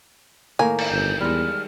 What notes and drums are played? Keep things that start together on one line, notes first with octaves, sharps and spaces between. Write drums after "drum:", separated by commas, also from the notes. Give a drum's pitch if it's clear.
A2 D#3 A#3 G#5
drum: cymbal
G1 G6
E2 G3 G#3 F6